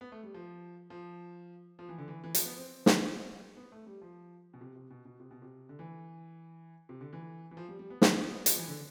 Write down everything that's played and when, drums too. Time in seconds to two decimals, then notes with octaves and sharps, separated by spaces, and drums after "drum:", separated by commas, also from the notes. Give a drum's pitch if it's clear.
0.01 B3
0.12 A3
0.23 G3
0.34 F3
0.90 F3
1.79 F3
1.89 E3
1.98 D3
2.08 E3
2.24 E3
2.35 F3, drum: hi-hat
2.46 B3
2.57 C4
2.86 drum: snare
3.57 B3
3.72 A3
3.86 G3
4.02 F3
4.54 B2
4.61 C3
4.75 C3
4.91 B2
5.05 B2
5.20 C3
5.31 B2
5.42 C3
5.69 D3
5.79 E3
6.89 C3
7.01 D3
7.13 E3
7.51 E3
7.57 F3
7.68 G3
7.79 G3
7.90 B3
8.02 B3, drum: snare
8.24 B3
8.46 F3, drum: hi-hat
8.57 E3
8.68 D3